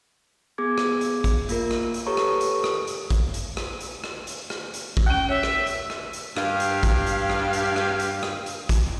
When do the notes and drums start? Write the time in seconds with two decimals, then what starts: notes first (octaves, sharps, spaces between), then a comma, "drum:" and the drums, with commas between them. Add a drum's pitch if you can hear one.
0.58 B3 G#4 D6 G#6
0.78 drum: rim click
1.01 drum: hi-hat
1.24 drum: kick A1, hi-hat
1.49 A#3 F4 A#4, drum: hi-hat
1.71 drum: rim click
1.94 drum: hi-hat
2.06 G4 A4 B4 C#5 A#5 C#6
2.17 drum: rim click
2.41 drum: hi-hat
2.64 drum: rim click
2.87 drum: hi-hat
3.10 drum: kick A1, hi-hat
3.34 drum: hi-hat
3.57 drum: rim click
3.80 drum: hi-hat
4.04 drum: rim click
4.27 drum: hi-hat
4.50 drum: rim click
4.73 drum: hi-hat
4.97 drum: kick A1
5.06 D#2 C#4 G5
5.29 C#5 E5
5.43 drum: rim click
5.67 drum: hi-hat
5.90 drum: rim click
6.13 drum: hi-hat
6.36 G2 G4 F5, drum: rim click
6.60 drum: hi-hat
6.83 drum: kick A1, hi-hat
7.06 drum: hi-hat
7.30 drum: rim click
7.53 drum: hi-hat
7.76 drum: rim click
7.99 drum: hi-hat
8.23 drum: rim click
8.46 drum: hi-hat
8.69 drum: kick A1, hi-hat